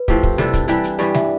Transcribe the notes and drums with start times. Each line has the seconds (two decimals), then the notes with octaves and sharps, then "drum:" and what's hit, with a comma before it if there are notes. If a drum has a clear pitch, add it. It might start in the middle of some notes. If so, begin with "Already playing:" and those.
Already playing: B4
0.08 A2 F3 C4 G4, drum: kick
0.23 drum: kick
0.38 C3 G3 D4 A4, drum: snare G3
0.54 drum: kick, hi-hat
0.68 E3 G3 D4 G4, drum: hi-hat
0.84 drum: hi-hat
0.98 G2 E3 G3 D5, drum: hi-hat
1.14 E5, drum: snare G3